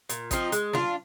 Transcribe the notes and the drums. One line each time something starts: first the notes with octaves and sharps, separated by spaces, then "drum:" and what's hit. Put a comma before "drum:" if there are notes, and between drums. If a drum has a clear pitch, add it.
A#2, drum: hi-hat
F3 C4 D#4, drum: kick, hi-hat
G#3, drum: hi-hat
D4 F4, drum: snare